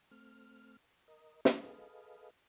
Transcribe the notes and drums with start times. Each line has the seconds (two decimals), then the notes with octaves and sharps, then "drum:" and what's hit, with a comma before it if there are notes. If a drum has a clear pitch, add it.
0.11 A3 C4 F6
1.08 A#4 D#5
1.45 drum: snare
1.61 G#4 A4 B4 D#5 F5